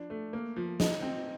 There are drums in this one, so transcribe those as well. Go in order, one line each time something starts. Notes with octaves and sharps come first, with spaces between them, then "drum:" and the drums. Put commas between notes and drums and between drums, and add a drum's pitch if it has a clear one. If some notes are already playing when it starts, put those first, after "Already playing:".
Already playing: F3 D4
A3
A#3
F3
D#4, drum: snare
C4